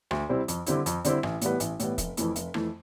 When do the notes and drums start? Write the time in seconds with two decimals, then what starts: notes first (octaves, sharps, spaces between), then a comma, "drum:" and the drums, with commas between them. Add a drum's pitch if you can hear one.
0.11 D2, drum: rim click
0.29 C3 G3 C4 E4
0.48 F2, drum: hi-hat
0.66 D3 G3 C4 E4, drum: hi-hat
0.86 F2, drum: hi-hat
1.05 D3 G3 C4 E4, drum: hi-hat
1.23 A1, drum: rim click
1.41 A2 E3 G3 B3, drum: hi-hat
1.60 A1, drum: hi-hat
1.80 A2 E3 G3 B3, drum: hi-hat
1.98 F1, drum: kick, hi-hat
2.17 F2 E3 A3 E4, drum: hi-hat
2.36 F1, drum: hi-hat
2.54 F2 E3 A3 E4, drum: rim click